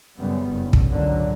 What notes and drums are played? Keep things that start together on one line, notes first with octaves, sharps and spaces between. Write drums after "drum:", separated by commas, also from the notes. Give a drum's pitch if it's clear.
F#2 C#3 G3 B3
F#1 G2
drum: kick
G#1 C#2 A#2 D3 F#3 A#3